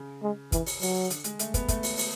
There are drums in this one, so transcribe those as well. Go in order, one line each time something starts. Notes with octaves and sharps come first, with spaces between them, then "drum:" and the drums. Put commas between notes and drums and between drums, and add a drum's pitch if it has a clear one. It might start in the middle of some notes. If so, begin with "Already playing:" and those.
Already playing: C#3
G#3
E3, drum: kick, hi-hat
drum: open hi-hat
F#3, drum: open hi-hat
D3, drum: hi-hat
G#3, drum: hi-hat
A3, drum: hi-hat
B3, drum: kick, hi-hat
A3, drum: kick, hi-hat
drum: open hi-hat
drum: open hi-hat